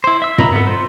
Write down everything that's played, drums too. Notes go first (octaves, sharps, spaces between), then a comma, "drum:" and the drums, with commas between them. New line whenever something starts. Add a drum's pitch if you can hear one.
E4 C5
E5 E6
D#5 E5 A#5 B5, drum: tom
B3 A4
F4 C5